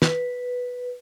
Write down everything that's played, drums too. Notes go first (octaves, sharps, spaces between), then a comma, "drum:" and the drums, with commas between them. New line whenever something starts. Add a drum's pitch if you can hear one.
B4, drum: snare